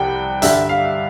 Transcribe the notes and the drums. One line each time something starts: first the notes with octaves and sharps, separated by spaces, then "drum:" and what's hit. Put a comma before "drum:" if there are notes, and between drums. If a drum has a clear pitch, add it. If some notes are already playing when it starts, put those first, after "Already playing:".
Already playing: C2 C3 F3 F#5 G5
G2 D3 G3 E5, drum: hi-hat
F5